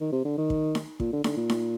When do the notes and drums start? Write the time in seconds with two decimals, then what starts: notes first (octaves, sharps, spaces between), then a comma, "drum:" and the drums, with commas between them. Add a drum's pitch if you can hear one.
0.01 D#3
0.12 C3
0.25 D3
0.38 D#3
0.50 drum: kick
0.75 drum: snare D#4
1.00 A#2, drum: kick
1.13 D3
1.24 D3, drum: snare D#4
1.37 A#2
1.50 drum: snare D#4